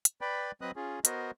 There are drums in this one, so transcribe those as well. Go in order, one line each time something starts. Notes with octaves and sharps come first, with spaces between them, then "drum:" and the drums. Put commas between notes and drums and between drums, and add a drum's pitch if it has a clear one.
drum: hi-hat
B4 D5 G5 B5
F#3 C4 B4 D#5 D#6 F#6
C#4 F4 G#4
B3 F#4 A#4 C5 D#5, drum: hi-hat